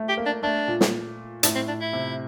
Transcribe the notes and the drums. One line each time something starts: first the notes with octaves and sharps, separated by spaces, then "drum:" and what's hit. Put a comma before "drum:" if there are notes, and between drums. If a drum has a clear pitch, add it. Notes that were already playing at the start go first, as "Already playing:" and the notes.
Already playing: A3
G4
A#3
D4
A3 D4
A#2
drum: snare
A2 D4, drum: hi-hat
C4
D4
E4
C3